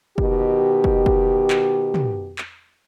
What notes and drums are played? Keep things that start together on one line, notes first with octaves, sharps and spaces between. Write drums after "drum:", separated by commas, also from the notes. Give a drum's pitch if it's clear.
B2 D#3 G4, drum: kick
drum: kick
drum: kick
drum: clap
drum: tom
drum: clap